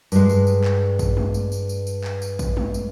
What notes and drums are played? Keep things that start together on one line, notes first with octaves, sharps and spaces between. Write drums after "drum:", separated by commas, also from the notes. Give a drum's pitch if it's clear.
G2 G#3, drum: tambourine
drum: tambourine
drum: tambourine
drum: clap
drum: kick, tambourine
drum: tom
drum: tambourine
drum: tambourine
drum: tambourine
drum: tambourine
drum: clap
drum: tambourine
drum: kick, tambourine
drum: tom
drum: tambourine